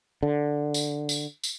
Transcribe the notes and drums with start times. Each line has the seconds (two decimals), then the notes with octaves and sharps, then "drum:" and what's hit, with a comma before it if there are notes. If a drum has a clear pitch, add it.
0.23 D3
0.74 drum: tambourine
1.09 drum: tambourine
1.44 drum: tambourine